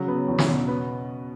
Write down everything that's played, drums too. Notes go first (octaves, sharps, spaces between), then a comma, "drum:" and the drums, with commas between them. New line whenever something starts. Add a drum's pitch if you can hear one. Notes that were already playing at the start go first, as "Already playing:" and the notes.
Already playing: C#3 F#3
B3
E2
drum: snare
B2
B3